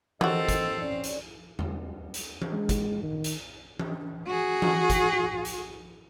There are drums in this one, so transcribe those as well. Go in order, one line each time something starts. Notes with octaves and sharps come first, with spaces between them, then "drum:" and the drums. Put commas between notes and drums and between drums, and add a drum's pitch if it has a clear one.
D#2 F#3 C4 F#4 A4 D#5 F5, drum: tom E3
drum: kick, hi-hat
C#4 D5
drum: hi-hat
drum: tom
drum: hi-hat
drum: tom E3
G#3
drum: kick, hi-hat
D#3
drum: hi-hat
drum: tom E3
F#4 G#4
drum: tom E3
drum: kick, hi-hat
drum: hi-hat